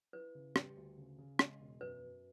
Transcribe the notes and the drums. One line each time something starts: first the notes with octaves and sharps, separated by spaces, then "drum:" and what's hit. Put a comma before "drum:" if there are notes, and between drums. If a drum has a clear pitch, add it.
E4 B4
C#3
G3, drum: rim click
D2
C#3
C#3
G#3, drum: rim click
E1
F#2 B4
F#2